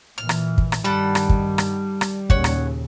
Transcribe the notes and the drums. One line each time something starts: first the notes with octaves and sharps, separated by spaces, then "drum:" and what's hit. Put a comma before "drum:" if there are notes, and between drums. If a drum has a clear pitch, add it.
A#2 E3 F6
drum: rim click
drum: kick
drum: rim click
G2 D#3 G3 A4 F#5 B5
drum: rim click
drum: kick
drum: rim click
drum: rim click
D#2 A#2 C#3 C#5 F#5, drum: kick
drum: rim click